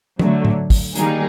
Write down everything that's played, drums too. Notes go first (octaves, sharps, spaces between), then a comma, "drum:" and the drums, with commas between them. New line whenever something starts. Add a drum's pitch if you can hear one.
D3 F#3 A3, drum: tom E3
drum: tom A2
drum: kick, open hi-hat
D#3 G3 A#3 D#4 G#4, drum: hi-hat